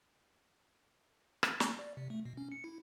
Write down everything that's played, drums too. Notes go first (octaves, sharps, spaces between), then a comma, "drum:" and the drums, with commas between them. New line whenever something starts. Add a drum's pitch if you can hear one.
drum: rim click
drum: snare
D5
C3
A3
B2
C#4
C#7
E4